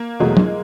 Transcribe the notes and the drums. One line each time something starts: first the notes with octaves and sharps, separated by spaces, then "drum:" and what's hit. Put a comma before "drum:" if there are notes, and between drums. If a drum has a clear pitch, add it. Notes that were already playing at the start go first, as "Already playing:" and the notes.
Already playing: A#3
E2 B2 F#3 G#3 A3
drum: tom